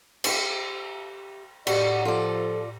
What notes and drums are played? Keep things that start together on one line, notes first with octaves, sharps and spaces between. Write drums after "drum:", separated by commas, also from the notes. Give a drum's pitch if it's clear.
G4 E5, drum: cymbal
A2 D#4 F#4 G4 D5, drum: cymbal
F3 F4 A4 D5